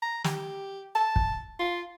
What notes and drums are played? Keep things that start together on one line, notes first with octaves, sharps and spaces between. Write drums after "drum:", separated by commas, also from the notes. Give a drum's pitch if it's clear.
A#5
G4, drum: snare
A5
drum: kick
F4